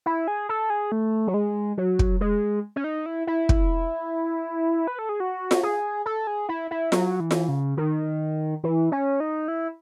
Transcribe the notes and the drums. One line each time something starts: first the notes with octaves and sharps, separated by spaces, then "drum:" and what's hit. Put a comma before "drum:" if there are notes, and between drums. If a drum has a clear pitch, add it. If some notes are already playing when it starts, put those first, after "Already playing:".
E4
G#4
A4
G#4
A3
F#3
G#3
F#3
drum: kick
G#3
C#4
D#4
E4
E4
drum: kick
B4
A4
G#4
F#4
drum: snare F4
G#4
A4
G#4
E4
E4
F#3, drum: snare F4
E3
drum: snare F4
C#3
D#3
E3
C#4
D#4
E4